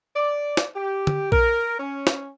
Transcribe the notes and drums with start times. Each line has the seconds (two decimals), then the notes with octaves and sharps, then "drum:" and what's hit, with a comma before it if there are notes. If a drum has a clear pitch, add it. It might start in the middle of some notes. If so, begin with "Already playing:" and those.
0.16 D5
0.57 drum: snare
0.75 G4
1.07 drum: tom
1.32 A#4, drum: kick A#1
1.80 C#4
2.07 drum: snare